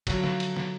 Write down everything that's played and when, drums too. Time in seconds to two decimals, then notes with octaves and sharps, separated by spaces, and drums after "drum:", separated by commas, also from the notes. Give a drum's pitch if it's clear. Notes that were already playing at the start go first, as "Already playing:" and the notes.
0.07 D3 F3 F#3 A3 C#4 F4 F#4, drum: kick, cymbal
0.24 drum: snare
0.40 drum: cymbal
0.57 drum: snare